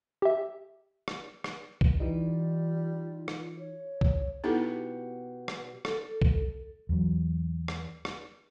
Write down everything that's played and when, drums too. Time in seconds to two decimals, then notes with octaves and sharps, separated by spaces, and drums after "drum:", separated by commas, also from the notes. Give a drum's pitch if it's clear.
0.22 G4 E5
1.08 drum: rim click
1.44 drum: rim click
1.81 drum: kick C2
2.00 E3 G3 D#4 F4
3.28 drum: rim click
3.59 C#5
4.01 drum: kick C2
4.44 B2 D#4 E4 G4 A4 F#5
5.48 drum: rim click
5.85 A4, drum: rim click
6.22 drum: kick C2
6.89 E2 F#3
7.68 drum: rim click
8.05 drum: rim click